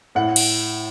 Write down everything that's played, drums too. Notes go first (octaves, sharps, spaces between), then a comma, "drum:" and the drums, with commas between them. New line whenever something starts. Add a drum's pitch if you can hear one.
A2 F#5
drum: cymbal